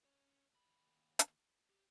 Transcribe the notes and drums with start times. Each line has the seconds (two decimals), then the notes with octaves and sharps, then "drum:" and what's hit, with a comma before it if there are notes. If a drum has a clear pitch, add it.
0.05 C#4 C#5
0.54 D#2 B5
1.19 drum: hi-hat
1.70 G4